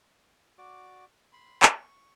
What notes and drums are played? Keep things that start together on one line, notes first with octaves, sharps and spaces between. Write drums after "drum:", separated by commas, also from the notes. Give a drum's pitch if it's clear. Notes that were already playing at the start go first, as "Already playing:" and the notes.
F#4 D5 D6
B5 C6
C#6, drum: clap